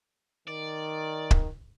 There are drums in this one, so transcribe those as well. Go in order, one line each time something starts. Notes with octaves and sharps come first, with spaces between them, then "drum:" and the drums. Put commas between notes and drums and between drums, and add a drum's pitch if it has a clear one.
D#3 D5
drum: kick